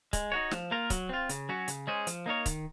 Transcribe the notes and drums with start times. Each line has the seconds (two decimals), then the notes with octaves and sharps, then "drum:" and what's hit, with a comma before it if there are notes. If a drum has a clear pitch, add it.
0.13 G#3, drum: kick C#1, hi-hat
0.32 D#4 F#4 C#5
0.51 F3, drum: snare
0.71 A#3 F4 A#4
0.90 F#3, drum: kick C#1, hi-hat
1.09 C4 F4
1.29 C#3, drum: hi-hat
1.49 F#3 C#4 F#4
1.68 C#3, drum: hi-hat
1.87 G#3 C#4 G#4 C5
2.07 F3, drum: hi-hat
2.26 A#3 D#4 A#4 C#5
2.46 D#3, drum: kick C#1, hi-hat